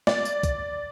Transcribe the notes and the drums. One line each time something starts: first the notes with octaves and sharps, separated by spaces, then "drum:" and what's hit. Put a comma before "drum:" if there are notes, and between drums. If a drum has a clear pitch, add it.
D5, drum: snare
drum: tambourine
drum: kick C2, tambourine